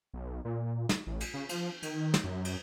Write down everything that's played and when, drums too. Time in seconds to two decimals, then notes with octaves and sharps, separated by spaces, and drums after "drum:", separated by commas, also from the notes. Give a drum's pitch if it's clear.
0.14 B1
0.45 A#2
0.89 drum: snare
1.07 A1
1.20 drum: cymbal
1.34 C#3
1.49 F3, drum: cymbal
1.83 D#3, drum: cymbal
2.14 drum: snare
2.24 F#2
2.45 drum: cymbal